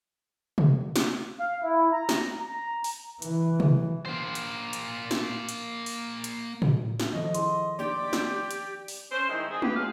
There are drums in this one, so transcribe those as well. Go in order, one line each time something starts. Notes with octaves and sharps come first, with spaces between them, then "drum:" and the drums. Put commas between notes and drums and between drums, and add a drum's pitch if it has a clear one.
drum: tom
drum: snare
F5
E4
A#5
drum: snare
A#5
drum: open hi-hat
E3, drum: hi-hat
drum: tom
A#3 C5
drum: hi-hat
drum: hi-hat
drum: snare
drum: hi-hat
drum: open hi-hat
drum: hi-hat
drum: tom A2
drum: snare
D#3 F3 A4 D#5
E4 G#4 C6, drum: hi-hat
A#3 D4 D#4 G4 D5 C6
drum: snare
drum: hi-hat
drum: open hi-hat
C#4 C5
D#3 G3 G#3 E4
C4 G#4
G4 B4, drum: tom G#3
F3 F#3 G#3 G#4 F5